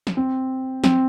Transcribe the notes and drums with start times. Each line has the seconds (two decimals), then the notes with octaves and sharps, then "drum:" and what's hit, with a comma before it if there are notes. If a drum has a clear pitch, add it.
0.07 drum: snare
0.17 C4
0.84 C4, drum: snare